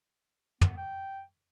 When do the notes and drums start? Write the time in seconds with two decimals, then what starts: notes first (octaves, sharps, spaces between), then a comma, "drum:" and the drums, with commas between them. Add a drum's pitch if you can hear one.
0.61 B3, drum: tom
0.77 G5